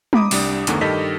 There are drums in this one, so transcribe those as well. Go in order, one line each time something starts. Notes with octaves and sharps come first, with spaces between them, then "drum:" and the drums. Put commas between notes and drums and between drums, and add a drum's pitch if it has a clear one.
A#5 B5 D6 D#6, drum: tom G3
C2 G3 D4 D#6, drum: open hi-hat
G1 E2 D3 D#3 A3 A#5, drum: hi-hat
G2 D#3 G4 A4 D#5 B6